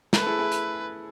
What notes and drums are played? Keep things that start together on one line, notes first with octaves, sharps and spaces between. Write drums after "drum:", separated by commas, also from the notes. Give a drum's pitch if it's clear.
A3 B4, drum: snare
A4
E4 G#4
E4 G#4
drum: hi-hat